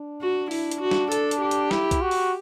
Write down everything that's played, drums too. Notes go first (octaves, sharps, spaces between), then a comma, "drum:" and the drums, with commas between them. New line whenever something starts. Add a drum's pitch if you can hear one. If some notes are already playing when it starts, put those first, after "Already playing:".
Already playing: D4
F#4
E4, drum: open hi-hat
drum: hi-hat
F#4
drum: snare
A4, drum: hi-hat
drum: hi-hat
G4
drum: hi-hat
E4, drum: snare
drum: kick B1, hi-hat
F#4
drum: open hi-hat